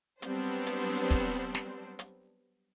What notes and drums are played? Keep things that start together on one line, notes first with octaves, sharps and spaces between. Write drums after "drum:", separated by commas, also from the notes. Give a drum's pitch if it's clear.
F#3 G3 B3 C4 D4 C5, drum: hi-hat
drum: hi-hat
drum: kick, hi-hat
drum: snare
drum: hi-hat